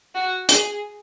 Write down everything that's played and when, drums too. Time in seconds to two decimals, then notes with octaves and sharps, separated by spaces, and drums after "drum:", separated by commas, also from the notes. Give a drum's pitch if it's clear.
0.15 F#4
0.49 G#4, drum: hi-hat